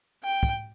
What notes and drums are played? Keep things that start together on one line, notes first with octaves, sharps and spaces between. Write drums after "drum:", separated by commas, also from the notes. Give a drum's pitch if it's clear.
G5
drum: kick